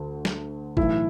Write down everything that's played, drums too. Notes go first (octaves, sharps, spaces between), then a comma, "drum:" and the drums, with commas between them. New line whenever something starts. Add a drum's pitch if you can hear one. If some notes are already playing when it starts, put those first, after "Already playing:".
Already playing: D2 D3
drum: snare
B1 A2 E3 E4, drum: kick